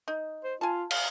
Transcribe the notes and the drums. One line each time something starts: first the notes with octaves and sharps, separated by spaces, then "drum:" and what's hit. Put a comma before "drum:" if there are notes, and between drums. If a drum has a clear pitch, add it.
D#4
C5
F4 G#5 A5
F5, drum: cymbal